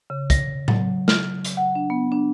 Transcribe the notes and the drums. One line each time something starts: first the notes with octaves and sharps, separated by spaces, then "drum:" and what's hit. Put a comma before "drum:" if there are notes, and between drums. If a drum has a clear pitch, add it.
C#3
A#6, drum: kick, hi-hat
F#3, drum: tom A2
F6, drum: snare
drum: hi-hat
F#5
D4
B3
D4